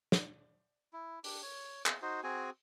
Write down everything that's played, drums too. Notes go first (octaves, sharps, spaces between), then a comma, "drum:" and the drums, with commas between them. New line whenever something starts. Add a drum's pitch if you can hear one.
drum: snare
E4
D4 G4, drum: open hi-hat
C#5
G#4, drum: clap
D#4 F#4 C5
C4 F#4 G#4 G#5